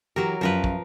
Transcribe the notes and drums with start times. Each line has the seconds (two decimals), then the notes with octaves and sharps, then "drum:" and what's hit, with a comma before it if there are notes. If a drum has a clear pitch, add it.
0.16 E3 F#3 G4 A#4
0.41 F#2 F3 F4 A#4 B4
0.64 drum: kick